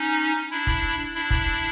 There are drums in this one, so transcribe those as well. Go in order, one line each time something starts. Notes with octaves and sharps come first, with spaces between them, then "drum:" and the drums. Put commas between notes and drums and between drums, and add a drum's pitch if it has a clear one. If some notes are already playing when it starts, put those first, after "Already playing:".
Already playing: C#4 D#4
D4 E4
drum: kick
D4 E4
drum: kick